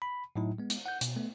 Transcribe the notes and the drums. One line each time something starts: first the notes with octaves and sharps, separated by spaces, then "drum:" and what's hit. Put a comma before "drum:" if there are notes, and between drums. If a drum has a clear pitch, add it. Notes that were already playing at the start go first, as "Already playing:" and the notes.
B5
A2 F#3 D#4 E4
G#3 B3
drum: hi-hat
F#5 G6
B2, drum: hi-hat
A3 B3